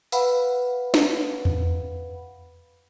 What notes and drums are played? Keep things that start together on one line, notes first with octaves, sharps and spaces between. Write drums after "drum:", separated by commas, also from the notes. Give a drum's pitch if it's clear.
B4 F5 F#5 B5, drum: tambourine
drum: snare
drum: tom E2